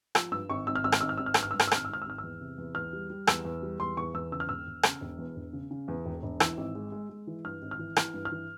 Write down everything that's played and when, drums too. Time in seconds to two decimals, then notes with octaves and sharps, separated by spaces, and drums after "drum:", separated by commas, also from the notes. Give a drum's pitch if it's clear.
0.15 F3 E6, drum: rim click
0.32 G2 E6
0.50 G#1 C#6
0.67 G#1 E6
0.76 F6
0.84 G#1 E6
0.92 F6, drum: rim click
1.01 G#1 E6
1.09 F6
1.17 G#1 E6
1.26 F6
1.34 G2 E6, drum: rim click
1.43 F6
1.51 G2 E6
1.60 F6, drum: rim click
1.67 E6
1.71 G#1 F6, drum: rim click
1.85 E6
1.88 G#1
1.93 F6
2.02 E6
2.06 G#1 F6
2.18 E2 E6
2.41 C3
2.58 E2
2.75 E2 F6
2.93 G3
3.10 G3
3.27 E2 E6, drum: rim click
3.45 E2
3.62 G3
3.80 E2 C6
3.97 E2 C#6
4.14 E2 E6
4.32 C#3 E6
4.40 F6
4.49 E1 E6
4.67 E1
4.83 C#3, drum: rim click
5.01 E1
5.18 E2
5.36 E1
5.53 C#3
5.71 C#3
5.88 E2
6.05 E1
6.23 E1
6.40 E3 E6, drum: rim click
6.57 G#1
6.75 G#3
6.92 G#3
7.10 G#3
7.27 E3
7.45 G2 F6
7.62 G#1
7.71 F6
7.79 E3
7.96 E3 F6, drum: rim click
8.14 G2
8.25 F6
8.32 E3